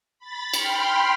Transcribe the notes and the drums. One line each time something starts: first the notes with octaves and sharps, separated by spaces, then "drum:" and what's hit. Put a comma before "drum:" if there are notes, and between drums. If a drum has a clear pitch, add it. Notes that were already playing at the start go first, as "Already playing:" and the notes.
B5 A6
G5 B5 C6 F6, drum: cymbal